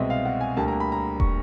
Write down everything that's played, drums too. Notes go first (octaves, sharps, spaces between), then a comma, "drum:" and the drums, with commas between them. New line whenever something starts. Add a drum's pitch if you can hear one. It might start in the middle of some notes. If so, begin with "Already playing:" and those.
Already playing: C2 B2 G#3 C4 D#5 E5
F5
F#5
G#5
D2 D3 G3 A#3 A5
A#5
B5
A#5
C#6, drum: kick